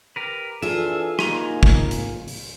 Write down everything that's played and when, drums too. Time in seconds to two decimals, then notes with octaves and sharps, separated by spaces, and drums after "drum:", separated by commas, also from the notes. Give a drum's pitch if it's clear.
0.16 G4 A#4 B4
0.62 E3 D4 F4 G#4 A4 E5
1.19 A#3 D#4 G#5 A#5, drum: rim click
1.63 drum: kick
1.91 drum: hi-hat
2.28 drum: open hi-hat